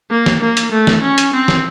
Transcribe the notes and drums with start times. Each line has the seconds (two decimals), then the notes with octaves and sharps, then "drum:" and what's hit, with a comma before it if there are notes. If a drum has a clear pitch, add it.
0.11 A#3
0.26 drum: snare
0.42 A#3
0.57 drum: hi-hat
0.72 A3
0.87 drum: snare
1.02 C#4
1.18 drum: hi-hat
1.33 C4
1.48 drum: snare